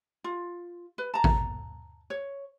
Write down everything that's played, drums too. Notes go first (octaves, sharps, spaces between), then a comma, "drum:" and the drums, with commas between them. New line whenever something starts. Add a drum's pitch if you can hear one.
F4
B4
A5 A#5
drum: kick A1
C#5